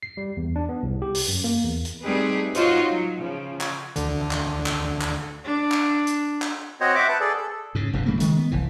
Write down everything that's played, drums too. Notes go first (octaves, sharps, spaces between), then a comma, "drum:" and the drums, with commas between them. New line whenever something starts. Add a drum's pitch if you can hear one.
C7
G3
E2
D4
B3
C2
G4
drum: open hi-hat
F#2
A#3
E2
drum: hi-hat
G3 A3 C4 D#4 G#4 B4
D#4 F4 F#4 C5 C#5 D#5, drum: hi-hat
F#3
C#3 F3
drum: clap
D2 D3, drum: hi-hat
drum: clap
drum: clap
drum: clap
D4
drum: clap
drum: hi-hat
drum: clap
C4 F#4 C5 C#5 D#5
C5 E5 F#5 D6
B4 A5
G#4 A4 D5
A4
G#2 C#3
F1 F#2 C3
C#3 G3 A3 A#3
D#3 G#3 A3, drum: hi-hat
B3
F1 C2 E3